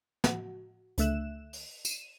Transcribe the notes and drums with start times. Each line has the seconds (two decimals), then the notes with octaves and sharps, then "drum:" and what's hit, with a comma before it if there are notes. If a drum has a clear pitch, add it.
0.24 F#4, drum: snare
0.98 C#2 D3 A3 E5 F#6 E7, drum: hi-hat
1.53 drum: open hi-hat
1.85 D#7 E7, drum: tambourine